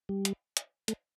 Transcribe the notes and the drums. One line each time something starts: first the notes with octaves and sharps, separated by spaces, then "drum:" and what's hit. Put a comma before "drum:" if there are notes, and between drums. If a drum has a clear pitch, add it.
G3
drum: hi-hat
drum: hi-hat
A3, drum: hi-hat